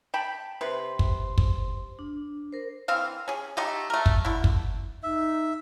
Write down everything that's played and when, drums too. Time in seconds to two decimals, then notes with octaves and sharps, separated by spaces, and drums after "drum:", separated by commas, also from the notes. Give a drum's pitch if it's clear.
0.14 G5 A5 B5
0.61 C3 B4 C5 C6
0.99 drum: kick
1.38 drum: kick
1.99 D4
2.53 A#4 C5
2.88 E3 C4 F5
3.28 C#4 G#4
3.57 A3 D#4 G4
3.90 A3 A#4
4.06 drum: kick
4.25 D3 E4
4.44 drum: kick
5.03 D#4 E5